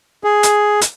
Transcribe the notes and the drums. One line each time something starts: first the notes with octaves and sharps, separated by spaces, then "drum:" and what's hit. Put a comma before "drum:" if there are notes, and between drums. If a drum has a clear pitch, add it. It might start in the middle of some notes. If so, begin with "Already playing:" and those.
G#4
drum: hi-hat
drum: hi-hat